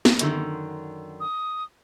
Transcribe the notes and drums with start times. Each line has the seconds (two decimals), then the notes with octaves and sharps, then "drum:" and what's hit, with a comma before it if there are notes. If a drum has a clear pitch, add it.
0.05 drum: snare
0.19 F#2 D3 D#3, drum: hi-hat
1.20 D#6